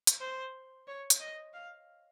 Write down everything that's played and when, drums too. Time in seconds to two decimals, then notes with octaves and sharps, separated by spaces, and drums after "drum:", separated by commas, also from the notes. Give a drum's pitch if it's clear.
0.07 drum: hi-hat
0.20 C5
0.87 C#5
1.10 drum: hi-hat
1.20 D#5
1.53 F5